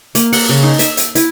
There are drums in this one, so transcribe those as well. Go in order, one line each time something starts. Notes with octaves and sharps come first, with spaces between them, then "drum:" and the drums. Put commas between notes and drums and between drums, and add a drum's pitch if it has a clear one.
A#3, drum: hi-hat
F#5, drum: open hi-hat
C#3
D#4
E5, drum: hi-hat
drum: hi-hat
E4, drum: hi-hat